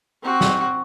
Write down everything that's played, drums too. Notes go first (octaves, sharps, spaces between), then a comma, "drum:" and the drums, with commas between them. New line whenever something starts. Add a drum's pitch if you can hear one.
C4 F#4
drum: snare